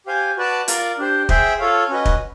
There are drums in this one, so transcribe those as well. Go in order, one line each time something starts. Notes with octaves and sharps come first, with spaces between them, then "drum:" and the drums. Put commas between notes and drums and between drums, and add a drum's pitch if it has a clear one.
G4 C5 F5 G#5
F#4 B4 D5 F#5 A5
F4 A#4 D5, drum: hi-hat
D4 G4 C5
G#4 C5 E5 G5, drum: kick
F4 A4 C#5 F5
C#4 F#4 B4 D#5
drum: kick